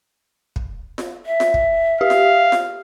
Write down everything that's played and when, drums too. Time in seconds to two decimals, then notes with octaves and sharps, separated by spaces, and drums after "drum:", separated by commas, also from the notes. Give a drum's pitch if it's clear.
0.56 drum: kick
0.98 drum: snare F4
1.26 E5
1.40 drum: snare F4
1.54 drum: kick
2.01 G4 F5
2.10 drum: snare F4
2.52 drum: snare F4